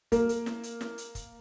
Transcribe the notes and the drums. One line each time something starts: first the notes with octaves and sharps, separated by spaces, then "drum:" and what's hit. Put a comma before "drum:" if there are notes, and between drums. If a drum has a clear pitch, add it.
A#3, drum: kick, hi-hat
drum: hi-hat
drum: snare
drum: hi-hat
drum: snare
drum: hi-hat
drum: kick, hi-hat